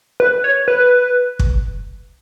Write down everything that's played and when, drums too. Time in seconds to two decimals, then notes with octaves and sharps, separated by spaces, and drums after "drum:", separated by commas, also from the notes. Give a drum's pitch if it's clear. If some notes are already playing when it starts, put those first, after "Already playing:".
0.20 B4
0.44 C#5
0.68 B4
1.39 drum: kick